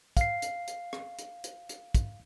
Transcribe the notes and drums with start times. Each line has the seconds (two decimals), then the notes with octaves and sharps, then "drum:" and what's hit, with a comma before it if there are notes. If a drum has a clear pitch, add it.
0.17 F5 C7, drum: kick, hi-hat
0.42 drum: hi-hat
0.67 drum: hi-hat
0.93 drum: rim click
1.18 drum: hi-hat
1.44 drum: hi-hat
1.69 drum: hi-hat
1.95 drum: kick, hi-hat